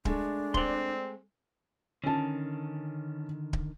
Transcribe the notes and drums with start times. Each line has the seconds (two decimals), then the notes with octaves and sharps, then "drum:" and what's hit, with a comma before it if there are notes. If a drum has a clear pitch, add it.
0.05 G#3 A3 D4, drum: kick D1
0.54 C4 D5 C6, drum: kick D1
2.04 D3 D#3 C#4 A5
3.53 drum: kick D1